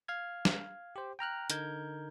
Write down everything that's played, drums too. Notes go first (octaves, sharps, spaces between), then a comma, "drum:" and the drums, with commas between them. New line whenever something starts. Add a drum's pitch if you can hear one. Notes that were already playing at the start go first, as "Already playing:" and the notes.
F5 F6 G#6
drum: snare
G4 C5
G5 A#5 F6 F#6
D3 D#4 A#4 G6 G#6, drum: hi-hat